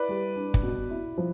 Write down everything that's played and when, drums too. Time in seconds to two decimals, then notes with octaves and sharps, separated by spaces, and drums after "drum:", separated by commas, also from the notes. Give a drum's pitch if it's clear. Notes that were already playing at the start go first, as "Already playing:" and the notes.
Already playing: E4 B4 D5
0.09 G3
0.36 D4
0.54 drum: kick
0.63 B2
0.90 E4
1.18 F3